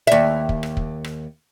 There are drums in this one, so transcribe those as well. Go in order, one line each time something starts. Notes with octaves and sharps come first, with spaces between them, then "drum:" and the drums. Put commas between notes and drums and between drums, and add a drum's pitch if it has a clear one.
D#2 E5
drum: kick
drum: rim click
drum: kick
drum: rim click